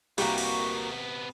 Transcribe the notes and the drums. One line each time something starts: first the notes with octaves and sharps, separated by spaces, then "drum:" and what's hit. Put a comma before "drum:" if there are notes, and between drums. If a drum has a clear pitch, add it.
C2 C3 A#3 B3 F#4 G4, drum: cymbal
drum: cymbal